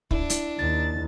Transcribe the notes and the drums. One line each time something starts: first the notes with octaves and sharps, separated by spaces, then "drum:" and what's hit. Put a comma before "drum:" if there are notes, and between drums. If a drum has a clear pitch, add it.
D4 E4, drum: kick
drum: hi-hat
D#2 A6